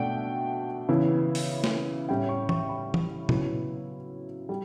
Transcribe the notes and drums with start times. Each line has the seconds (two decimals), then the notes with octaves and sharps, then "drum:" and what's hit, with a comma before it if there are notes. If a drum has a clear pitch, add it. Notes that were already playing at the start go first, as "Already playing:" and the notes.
Already playing: B2 A3 D4 F#5 G5
0.89 C#3 E3 B3 E4
1.35 drum: open hi-hat
1.64 drum: snare
2.09 A2 G3 C#4 G5
2.29 C#6
2.49 C#6, drum: tom E3
2.69 B5
2.94 drum: tom E3
3.29 C#3 F#3 B3 E4, drum: tom A#2
4.49 G3